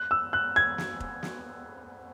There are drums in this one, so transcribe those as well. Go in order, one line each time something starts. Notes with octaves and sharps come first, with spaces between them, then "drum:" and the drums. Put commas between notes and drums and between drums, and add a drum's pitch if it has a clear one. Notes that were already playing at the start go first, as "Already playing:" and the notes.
Already playing: F#6
E6
F#6
G#6
drum: snare
drum: kick F1
drum: snare